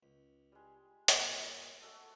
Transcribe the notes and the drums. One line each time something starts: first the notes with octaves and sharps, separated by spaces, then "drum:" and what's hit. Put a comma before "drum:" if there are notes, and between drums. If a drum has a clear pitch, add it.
C#2
G3 G#3
G2 A#2 D3 G#3 C4, drum: hi-hat
F4
A3 F#4 A4 D#5